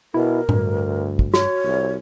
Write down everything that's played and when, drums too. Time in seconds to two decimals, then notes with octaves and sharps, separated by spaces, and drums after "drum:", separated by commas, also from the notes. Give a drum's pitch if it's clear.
0.14 B2 E4 A#4
0.49 D2 G2, drum: tom A2
1.19 drum: kick
1.34 F#4 C#5, drum: snare
1.64 C2